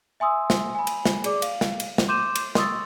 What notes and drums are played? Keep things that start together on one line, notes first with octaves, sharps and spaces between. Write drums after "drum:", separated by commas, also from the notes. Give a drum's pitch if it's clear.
E5 G#5 C6 D#6 E6
drum: snare
G#5 B5
drum: cymbal
drum: snare
G#4 D5 D6, drum: cymbal
F5, drum: cymbal
drum: snare
drum: cymbal
drum: snare
C6 D6 G6 D#7 E7
drum: cymbal
C6 C#6 D#6 E6 A6, drum: snare